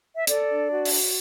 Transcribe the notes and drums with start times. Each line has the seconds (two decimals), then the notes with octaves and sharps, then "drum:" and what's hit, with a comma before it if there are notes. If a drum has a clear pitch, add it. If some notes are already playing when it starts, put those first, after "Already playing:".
0.16 E5
0.27 A4 D5, drum: hi-hat
0.49 D4
0.71 F#4
0.85 drum: open hi-hat